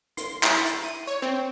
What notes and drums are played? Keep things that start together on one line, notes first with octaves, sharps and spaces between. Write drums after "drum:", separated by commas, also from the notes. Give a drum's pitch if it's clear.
C6, drum: hi-hat
E4, drum: clap
drum: hi-hat
D#7
C#5
C4